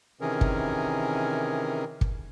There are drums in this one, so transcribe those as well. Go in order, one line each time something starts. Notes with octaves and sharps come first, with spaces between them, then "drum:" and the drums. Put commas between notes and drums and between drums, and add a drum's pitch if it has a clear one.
C3 D#3 E3 C#4 G#4 A#4
drum: kick
drum: kick